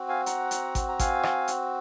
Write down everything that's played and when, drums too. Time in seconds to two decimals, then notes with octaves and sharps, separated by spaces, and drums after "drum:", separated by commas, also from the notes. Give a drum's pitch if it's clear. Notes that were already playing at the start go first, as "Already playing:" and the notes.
Already playing: C4 F#4
0.08 F5 G#5
0.26 F#5 A#5, drum: hi-hat
0.51 drum: hi-hat
0.75 drum: kick G#1, hi-hat
0.89 A#5
0.99 F5 G#5, drum: kick G#1, hi-hat
1.23 drum: rim click
1.48 drum: hi-hat